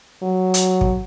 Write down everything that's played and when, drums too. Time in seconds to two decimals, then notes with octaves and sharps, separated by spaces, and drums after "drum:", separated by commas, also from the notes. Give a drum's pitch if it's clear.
0.22 F#3
0.54 drum: hi-hat
0.81 drum: kick